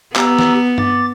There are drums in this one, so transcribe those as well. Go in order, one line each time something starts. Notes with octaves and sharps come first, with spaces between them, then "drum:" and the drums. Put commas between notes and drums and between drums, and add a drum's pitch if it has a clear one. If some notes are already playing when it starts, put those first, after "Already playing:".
B3 G4 A#5 E6, drum: clap
drum: snare
D6 A6, drum: tom G2